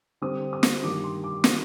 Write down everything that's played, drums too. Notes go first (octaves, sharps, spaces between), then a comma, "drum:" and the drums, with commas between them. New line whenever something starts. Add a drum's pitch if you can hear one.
D3 G3 C4 D#6
D#6
drum: snare
G2 D#3 G3 A#3 D4 D6
C6
D6
D#3 G3 C4 D#6, drum: snare